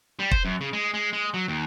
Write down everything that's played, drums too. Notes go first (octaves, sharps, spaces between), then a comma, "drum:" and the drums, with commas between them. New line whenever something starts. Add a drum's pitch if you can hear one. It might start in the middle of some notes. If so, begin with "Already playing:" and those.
G3
C5, drum: kick
F#2
C#3
G#3
G#3
G#3
F#3
D#2